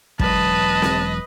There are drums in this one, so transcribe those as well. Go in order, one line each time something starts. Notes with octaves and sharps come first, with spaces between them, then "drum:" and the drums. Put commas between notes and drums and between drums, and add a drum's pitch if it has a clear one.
E1 F#3 G#3 B4 D#5 A5, drum: kick
drum: snare C4